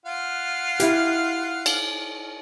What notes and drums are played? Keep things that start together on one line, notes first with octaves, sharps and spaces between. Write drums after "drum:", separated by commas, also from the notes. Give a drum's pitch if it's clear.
F4 F5 F#5
E4 G4, drum: hi-hat
drum: cymbal